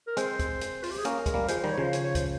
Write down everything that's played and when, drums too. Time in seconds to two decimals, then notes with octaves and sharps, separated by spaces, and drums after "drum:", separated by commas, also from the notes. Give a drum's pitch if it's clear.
0.07 A#4
0.17 G#3 C4 C5, drum: hi-hat
0.39 drum: kick, hi-hat
0.61 drum: hi-hat
0.83 F4, drum: open hi-hat
0.91 G4
0.98 G#4
1.05 A#3 C#4 A#4, drum: hi-hat
1.26 G#3, drum: kick, hi-hat
1.34 G3 A#3
1.48 F3 G#3 C5, drum: hi-hat
1.60 D#3 G3 C5
1.71 C#5
1.78 C#3 F3 C5
1.93 C#5, drum: hi-hat
2.04 C#5
2.15 C5, drum: kick, hi-hat